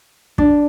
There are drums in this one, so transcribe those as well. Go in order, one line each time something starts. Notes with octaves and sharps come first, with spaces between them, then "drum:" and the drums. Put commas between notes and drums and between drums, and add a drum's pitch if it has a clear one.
D4, drum: kick